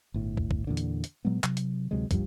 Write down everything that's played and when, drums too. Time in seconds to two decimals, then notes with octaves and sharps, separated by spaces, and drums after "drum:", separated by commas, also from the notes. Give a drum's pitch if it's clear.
0.14 G1 A2
0.37 drum: kick
0.51 drum: kick
0.67 E2 A#2 D3
0.77 drum: hi-hat
1.04 drum: hi-hat
1.25 A#2 F#3 G#3 B3
1.44 C3 F#3, drum: clap
1.57 drum: hi-hat
1.91 D2 C3 F#3 G#3
2.11 F#1 G2 F3 G3, drum: kick, hi-hat